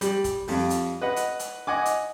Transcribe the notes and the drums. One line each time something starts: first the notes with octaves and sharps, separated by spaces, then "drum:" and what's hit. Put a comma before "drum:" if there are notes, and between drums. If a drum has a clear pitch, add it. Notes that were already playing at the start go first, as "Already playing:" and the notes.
G3, drum: hi-hat
drum: kick, hi-hat
F2 G3, drum: open hi-hat
drum: hi-hat
B4 D#5 F#5
drum: hi-hat
drum: hi-hat
D#5 F#5 G#5 D6
drum: hi-hat